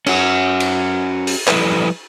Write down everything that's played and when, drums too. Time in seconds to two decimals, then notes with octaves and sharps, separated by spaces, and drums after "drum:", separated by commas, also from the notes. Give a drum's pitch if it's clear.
0.06 C#4 F#4, drum: cymbal
0.60 drum: cymbal
1.27 drum: open hi-hat
1.48 F3 G3 E4 A4 B4, drum: clap